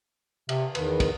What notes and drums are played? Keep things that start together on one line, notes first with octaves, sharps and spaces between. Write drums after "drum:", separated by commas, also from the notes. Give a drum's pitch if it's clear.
C3, drum: cymbal
E2 D#3 B4, drum: cymbal
drum: kick, cymbal